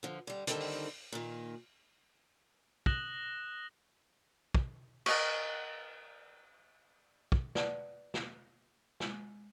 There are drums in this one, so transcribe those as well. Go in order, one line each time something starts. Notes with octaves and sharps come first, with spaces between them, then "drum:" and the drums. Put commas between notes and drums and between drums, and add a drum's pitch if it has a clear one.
D3 F3
D3 G3
D3 D#3 G3 C4 D#4 A4, drum: hi-hat
drum: open hi-hat
A#2 D#3
D#6 F#6 A#6 E7 F#7 G7, drum: kick
drum: kick
A#4 D#5 C#6, drum: cymbal
drum: kick
B4 D5 F#5 A5, drum: snare
drum: snare
G#3, drum: snare